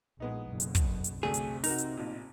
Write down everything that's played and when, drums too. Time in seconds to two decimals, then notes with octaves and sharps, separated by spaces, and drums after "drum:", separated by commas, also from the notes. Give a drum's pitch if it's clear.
0.20 A#1 G#3 B3 D#4
0.50 F#1 B1 B2
0.60 drum: hi-hat
0.75 drum: kick, hi-hat
1.04 drum: hi-hat
1.23 D2 C3 A3 G#4
1.34 drum: hi-hat
1.64 D#4 F#4 A#4 A#5, drum: open hi-hat
1.78 drum: hi-hat
1.97 A1 A#2